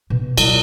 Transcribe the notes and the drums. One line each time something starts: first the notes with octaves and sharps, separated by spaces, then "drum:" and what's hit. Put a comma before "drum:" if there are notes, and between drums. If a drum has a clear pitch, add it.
B2
F#3, drum: cymbal